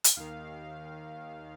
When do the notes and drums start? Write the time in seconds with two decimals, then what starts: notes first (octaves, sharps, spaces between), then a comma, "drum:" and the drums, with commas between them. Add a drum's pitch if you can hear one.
0.04 drum: hi-hat
0.16 D#2 D#3 F5